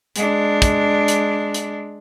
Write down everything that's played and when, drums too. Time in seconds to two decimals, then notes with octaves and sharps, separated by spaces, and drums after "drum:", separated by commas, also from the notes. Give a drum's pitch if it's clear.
0.16 G#3 D4, drum: hi-hat
0.62 drum: kick, hi-hat
1.08 drum: hi-hat
1.54 drum: hi-hat